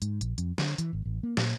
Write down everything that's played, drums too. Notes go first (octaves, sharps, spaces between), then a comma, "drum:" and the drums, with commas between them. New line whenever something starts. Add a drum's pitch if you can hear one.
G#2, drum: hi-hat
A#1, drum: hi-hat
F2, drum: hi-hat
D3, drum: snare
E3, drum: hi-hat
G#1
A1
A#3
A#2, drum: snare